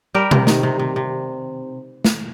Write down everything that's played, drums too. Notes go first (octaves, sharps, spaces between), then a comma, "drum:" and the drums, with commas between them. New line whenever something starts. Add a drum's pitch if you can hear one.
G3 G4 A#4
C3, drum: tom B2
D#3, drum: snare
C3
C3
C3
drum: snare